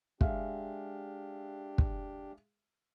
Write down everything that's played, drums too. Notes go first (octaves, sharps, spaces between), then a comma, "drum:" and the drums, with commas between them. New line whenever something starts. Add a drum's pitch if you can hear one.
G#3 D4 G4 E5 F5, drum: kick
drum: kick